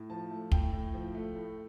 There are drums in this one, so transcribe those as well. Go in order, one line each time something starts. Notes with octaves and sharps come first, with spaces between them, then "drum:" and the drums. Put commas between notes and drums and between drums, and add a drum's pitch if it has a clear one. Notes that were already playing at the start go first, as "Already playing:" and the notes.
Already playing: A2
F3 A5
A3
A2 G5, drum: kick
A2
F3
A3
A2